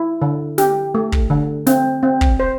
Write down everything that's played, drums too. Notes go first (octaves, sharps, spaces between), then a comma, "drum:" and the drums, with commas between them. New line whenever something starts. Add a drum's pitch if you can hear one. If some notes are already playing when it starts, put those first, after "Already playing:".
Already playing: E4
D3
G4, drum: snare
A3
drum: kick
D3
C4, drum: snare
C4
drum: kick
C5